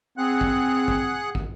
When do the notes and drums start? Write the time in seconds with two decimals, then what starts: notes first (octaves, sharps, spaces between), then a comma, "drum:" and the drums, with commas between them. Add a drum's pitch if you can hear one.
0.18 C4 G#4 F#5 F#6
0.41 drum: kick
0.88 drum: kick
1.35 drum: kick